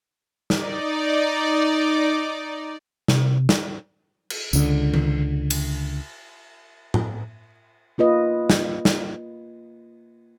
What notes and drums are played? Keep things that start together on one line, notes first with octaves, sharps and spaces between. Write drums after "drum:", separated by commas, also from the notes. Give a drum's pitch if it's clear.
D#4 D5, drum: snare
C3, drum: snare
drum: snare
drum: cymbal
C#2 D3, drum: tambourine
drum: tom D#3
drum: cymbal
drum: tom A2
A#3 F4 B4 D#5
drum: snare
drum: snare